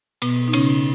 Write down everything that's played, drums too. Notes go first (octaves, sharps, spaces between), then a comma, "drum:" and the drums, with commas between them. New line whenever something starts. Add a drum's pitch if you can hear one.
B2 B3, drum: cymbal
D#4
C#3 C#4, drum: cymbal